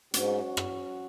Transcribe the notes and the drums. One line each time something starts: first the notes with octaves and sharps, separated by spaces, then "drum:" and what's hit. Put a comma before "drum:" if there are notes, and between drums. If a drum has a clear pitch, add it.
G#2 F#3 C#4 F#4, drum: hi-hat
drum: rim click